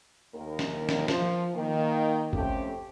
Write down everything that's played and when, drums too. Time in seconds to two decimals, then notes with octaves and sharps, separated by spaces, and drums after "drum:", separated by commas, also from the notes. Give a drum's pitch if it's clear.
0.34 D#2 A#4
0.59 drum: snare
0.89 drum: snare
1.08 F3, drum: snare
1.55 D#3 A#3
2.33 F2 A3 C4 C#4 G4, drum: kick G#1